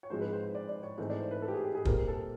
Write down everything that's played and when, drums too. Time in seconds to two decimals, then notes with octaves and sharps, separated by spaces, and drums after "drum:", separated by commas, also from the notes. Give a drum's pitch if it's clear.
0.03 C#5
0.10 G#2 F3 G#3 C4 C5
0.21 B4
0.33 C5
0.43 C5
0.55 D5
0.69 D5
0.83 C#5
0.98 G#2 E3 A3 C4
1.10 D5
1.20 C5
1.31 B4
1.42 A4
1.48 G4
1.54 G#4
1.64 G4
1.75 G#4
1.85 A#2 G3 C4 A#4, drum: kick
2.08 A4